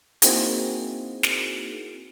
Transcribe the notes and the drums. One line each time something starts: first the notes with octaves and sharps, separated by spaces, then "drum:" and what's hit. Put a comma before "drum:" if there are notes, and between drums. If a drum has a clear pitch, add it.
A#3 C4 D#4 E4 F#4 G#4, drum: hi-hat
drum: snare